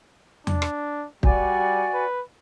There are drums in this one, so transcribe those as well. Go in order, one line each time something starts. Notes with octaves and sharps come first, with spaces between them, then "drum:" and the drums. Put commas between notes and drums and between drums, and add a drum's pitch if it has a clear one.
D4, drum: tom E2
drum: rim click
G3 F#4 D5 G#5, drum: kick
B4